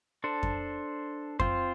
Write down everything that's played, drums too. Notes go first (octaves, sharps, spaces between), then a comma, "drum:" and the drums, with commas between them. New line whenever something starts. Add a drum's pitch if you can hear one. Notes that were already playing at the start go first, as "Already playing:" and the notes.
D4 A4 C5
drum: kick F2
C4 F4 C5, drum: kick F2